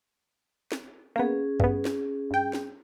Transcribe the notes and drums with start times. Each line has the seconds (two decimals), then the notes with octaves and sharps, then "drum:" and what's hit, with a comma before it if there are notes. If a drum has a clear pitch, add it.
0.72 drum: snare
1.16 A#3 B3 C#4 G#4
1.60 G2 B3, drum: kick
1.85 drum: snare
2.31 G2 G5
2.53 drum: snare